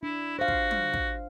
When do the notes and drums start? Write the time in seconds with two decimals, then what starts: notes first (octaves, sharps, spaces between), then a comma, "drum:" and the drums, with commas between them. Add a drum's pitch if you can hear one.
0.03 D4 E4
0.39 F#4 C5 F5
0.48 drum: kick
0.71 drum: tom
0.94 drum: kick